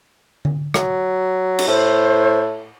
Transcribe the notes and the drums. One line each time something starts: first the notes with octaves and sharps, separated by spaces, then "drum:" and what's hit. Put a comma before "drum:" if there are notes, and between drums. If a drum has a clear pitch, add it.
drum: tom D3
F#3, drum: rim click
drum: cymbal
A2 C5